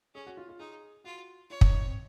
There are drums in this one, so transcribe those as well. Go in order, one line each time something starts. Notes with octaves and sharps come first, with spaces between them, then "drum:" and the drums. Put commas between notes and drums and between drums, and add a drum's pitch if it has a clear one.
C#4 G#4
F#4
F4
F4
D#4 G#4
F4 F#4
F4 C#5
C#4, drum: kick
D#4
C4